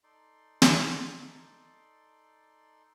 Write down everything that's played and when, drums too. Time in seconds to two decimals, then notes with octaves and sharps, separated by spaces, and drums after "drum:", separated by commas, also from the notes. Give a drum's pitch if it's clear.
0.04 D#4 A4 D5 C6
0.62 drum: snare